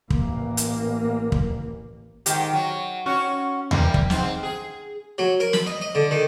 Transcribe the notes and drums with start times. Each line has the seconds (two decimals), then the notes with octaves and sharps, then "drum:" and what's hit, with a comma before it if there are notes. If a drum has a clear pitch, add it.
0.10 A1 A#3, drum: kick
0.57 drum: hi-hat
1.32 drum: kick
2.26 G#2 D#3 G4, drum: hi-hat
2.53 F#3
3.06 C#4 F#4
3.71 E3 G3 A#3, drum: tom D#2
3.94 drum: kick
4.10 G#2 C4, drum: snare
4.43 G#4
5.18 F#3
5.40 A#4
5.53 B5, drum: snare
5.66 D#5
5.81 D#5
5.95 D3
6.11 D#3